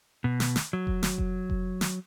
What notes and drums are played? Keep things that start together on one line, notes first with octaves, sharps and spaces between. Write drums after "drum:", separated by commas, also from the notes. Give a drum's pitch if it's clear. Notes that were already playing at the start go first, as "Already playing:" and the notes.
B2
drum: snare
drum: snare
F#3
drum: kick F1
drum: snare
drum: kick F1
drum: kick F1
drum: snare